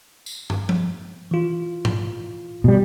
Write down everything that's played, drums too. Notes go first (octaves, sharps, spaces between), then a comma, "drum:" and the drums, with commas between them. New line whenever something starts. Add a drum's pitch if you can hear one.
drum: tambourine
drum: tom
drum: tom F3
E3 F4
drum: tom G#2
B2 G3